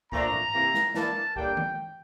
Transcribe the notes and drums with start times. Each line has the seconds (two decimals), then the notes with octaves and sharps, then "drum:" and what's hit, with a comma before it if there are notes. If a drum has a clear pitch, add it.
0.12 A#2 F3 A3 D4 A#5, drum: kick
0.33 drum: tom G#2
0.54 C3 E3 A#3
0.74 drum: snare
0.94 E3 A#3 D4 A5, drum: snare
1.36 A2 G3 A#3 D4 G5, drum: kick
1.57 drum: tom D#3